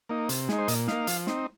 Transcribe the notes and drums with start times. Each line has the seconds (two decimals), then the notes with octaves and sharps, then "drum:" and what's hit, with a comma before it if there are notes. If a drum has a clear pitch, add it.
0.09 A#3 D#4
0.29 C3, drum: hi-hat
0.49 G#3 D#4, drum: snare
0.59 C5
0.68 A#2 D#5, drum: hi-hat
0.88 A#3 D#4 F5, drum: snare
1.07 F3, drum: hi-hat
1.27 C4 D#4, drum: snare